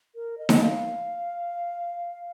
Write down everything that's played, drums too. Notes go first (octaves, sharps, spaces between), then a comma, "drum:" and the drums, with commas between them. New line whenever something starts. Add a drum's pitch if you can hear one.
A#4
D#5
drum: snare D#4
F5